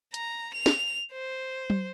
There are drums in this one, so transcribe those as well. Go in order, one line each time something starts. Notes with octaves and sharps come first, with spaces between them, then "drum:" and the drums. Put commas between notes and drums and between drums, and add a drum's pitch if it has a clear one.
A#5, drum: hi-hat
F7
drum: snare
C5
drum: tom F#3